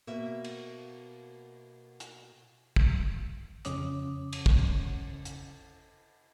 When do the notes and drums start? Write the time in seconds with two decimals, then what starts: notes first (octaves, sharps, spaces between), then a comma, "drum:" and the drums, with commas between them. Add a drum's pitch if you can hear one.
0.07 B2 A#3 E5
0.44 drum: cymbal
2.00 drum: hi-hat
2.76 drum: kick
3.65 F2 C#3 C#4 C#5 D6 D#6, drum: hi-hat
4.33 drum: cymbal
4.46 drum: kick
5.25 drum: hi-hat